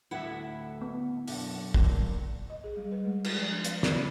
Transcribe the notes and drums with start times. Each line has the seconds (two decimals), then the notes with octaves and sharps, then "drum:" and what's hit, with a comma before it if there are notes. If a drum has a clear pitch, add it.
0.11 D2 A2 E4 E5 F#5
0.81 B3
1.28 B1 F#2 D4, drum: open hi-hat
1.74 A1 A#2, drum: kick
2.50 D#5
2.64 G#4
2.77 G3
2.92 B4
3.05 G#3
3.24 B4, drum: cymbal
3.38 F3
3.51 D4
3.64 B4, drum: hi-hat
3.83 D5, drum: snare
3.96 B5